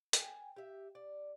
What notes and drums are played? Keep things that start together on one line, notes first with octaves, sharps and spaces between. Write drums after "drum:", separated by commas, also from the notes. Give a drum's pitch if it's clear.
G5 G#5, drum: hi-hat
G4 E5
D5